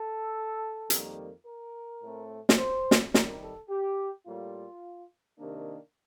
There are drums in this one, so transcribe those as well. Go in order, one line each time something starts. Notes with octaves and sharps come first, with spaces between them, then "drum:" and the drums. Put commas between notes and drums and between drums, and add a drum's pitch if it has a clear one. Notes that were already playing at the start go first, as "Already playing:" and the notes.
Already playing: A4
F2 D#3 G3 A#3, drum: hi-hat
A#4
A2 A3 C4
drum: snare
C5
drum: snare
C3 D#3 G3 A#4, drum: snare
A4
G4
A2 G3 A#3 F4
C3 D#3 A#3 D4